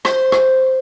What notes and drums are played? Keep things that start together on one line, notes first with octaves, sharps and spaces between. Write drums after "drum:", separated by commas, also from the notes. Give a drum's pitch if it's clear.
C5, drum: rim click
drum: rim click